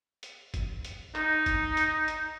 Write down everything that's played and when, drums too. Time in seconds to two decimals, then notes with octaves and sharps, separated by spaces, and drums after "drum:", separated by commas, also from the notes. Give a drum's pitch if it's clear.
0.23 drum: hi-hat
0.54 drum: kick G1, hi-hat
0.85 drum: hi-hat
1.15 D#4, drum: clap
1.46 drum: kick G1, hi-hat
1.77 drum: hi-hat
2.08 drum: hi-hat